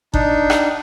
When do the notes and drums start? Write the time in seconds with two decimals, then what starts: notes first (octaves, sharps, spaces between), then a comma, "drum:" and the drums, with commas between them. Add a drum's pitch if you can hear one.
0.14 D4 D#4, drum: kick G1
0.50 drum: rim click